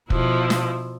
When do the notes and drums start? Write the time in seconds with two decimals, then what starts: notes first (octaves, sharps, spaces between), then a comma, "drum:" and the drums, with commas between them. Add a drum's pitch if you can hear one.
0.10 B2 F3 E4, drum: kick
0.50 drum: snare